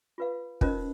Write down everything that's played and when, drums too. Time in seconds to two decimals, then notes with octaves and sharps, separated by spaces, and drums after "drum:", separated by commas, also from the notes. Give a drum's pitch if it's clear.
0.18 F4 B4 F5
0.61 C#4 D#4 F4 A#4 C5 D#5, drum: kick